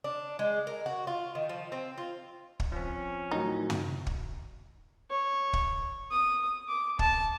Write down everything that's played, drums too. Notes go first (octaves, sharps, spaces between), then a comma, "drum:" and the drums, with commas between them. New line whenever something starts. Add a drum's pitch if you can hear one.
D4
G#3
A#4
F#4
F4
D#3
F3
C4
F4
drum: kick
F3 C4 C#4
A2 D#3 F#3 D#4
drum: tom
drum: kick
C#5
drum: kick
D#6
D6
A5, drum: kick